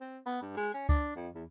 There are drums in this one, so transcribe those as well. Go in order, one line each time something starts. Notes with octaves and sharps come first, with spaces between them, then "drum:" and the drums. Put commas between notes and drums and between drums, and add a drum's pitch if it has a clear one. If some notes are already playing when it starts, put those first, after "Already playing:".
C4
B3
G2
G#3
C#4
D4, drum: kick C#2
F2
E2